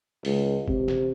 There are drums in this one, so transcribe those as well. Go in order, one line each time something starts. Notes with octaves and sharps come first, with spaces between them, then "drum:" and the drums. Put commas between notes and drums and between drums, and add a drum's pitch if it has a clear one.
C#2, drum: open hi-hat
C3, drum: kick F#1
drum: snare